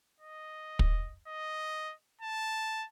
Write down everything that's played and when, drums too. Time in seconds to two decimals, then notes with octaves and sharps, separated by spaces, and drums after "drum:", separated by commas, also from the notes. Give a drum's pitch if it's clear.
0.21 D#5
0.79 drum: kick
1.28 D#5
2.22 A5